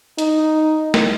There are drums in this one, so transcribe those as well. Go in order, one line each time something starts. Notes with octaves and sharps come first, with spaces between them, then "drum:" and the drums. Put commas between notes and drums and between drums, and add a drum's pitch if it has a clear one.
D#4, drum: hi-hat
drum: snare